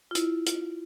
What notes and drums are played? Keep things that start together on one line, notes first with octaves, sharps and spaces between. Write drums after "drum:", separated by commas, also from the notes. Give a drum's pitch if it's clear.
F4
E4, drum: hi-hat
F4, drum: hi-hat